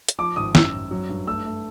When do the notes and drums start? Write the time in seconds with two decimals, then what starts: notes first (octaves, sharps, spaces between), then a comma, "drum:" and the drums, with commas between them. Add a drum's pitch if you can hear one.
0.09 drum: hi-hat
0.19 F3 D6
0.36 G#1 D#6
0.55 F#2 E6, drum: snare
0.73 F#2
0.91 F#3
1.09 G2
1.27 A3 E6
1.46 A3